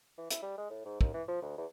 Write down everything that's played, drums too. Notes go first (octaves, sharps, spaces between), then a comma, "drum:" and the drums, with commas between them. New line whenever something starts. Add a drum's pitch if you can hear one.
E3
E4, drum: hi-hat
G3
G#3
A2
G#2
D#2, drum: kick
E3
F3
D2
E2